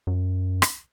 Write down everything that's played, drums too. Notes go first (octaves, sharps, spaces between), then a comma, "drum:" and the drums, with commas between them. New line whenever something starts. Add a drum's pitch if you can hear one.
F#2
drum: rim click